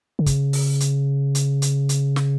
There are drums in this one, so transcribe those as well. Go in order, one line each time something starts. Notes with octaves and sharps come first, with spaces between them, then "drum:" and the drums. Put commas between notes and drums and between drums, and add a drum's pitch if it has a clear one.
D3
C#3, drum: kick, hi-hat
drum: open hi-hat
drum: hi-hat
drum: hi-hat
drum: hi-hat
drum: hi-hat
drum: snare